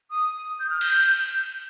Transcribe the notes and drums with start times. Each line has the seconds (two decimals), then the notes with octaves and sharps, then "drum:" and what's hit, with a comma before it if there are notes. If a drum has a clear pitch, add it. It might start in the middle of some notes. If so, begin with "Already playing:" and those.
0.11 D#6
0.59 G6
0.70 F6
0.81 G6, drum: cymbal